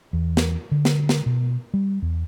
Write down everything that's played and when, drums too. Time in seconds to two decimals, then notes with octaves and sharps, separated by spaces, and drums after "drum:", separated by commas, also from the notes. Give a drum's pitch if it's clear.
0.13 E2
0.37 drum: snare
0.71 D3
0.85 drum: snare
1.09 drum: snare
1.26 B2
1.74 G3
2.02 E2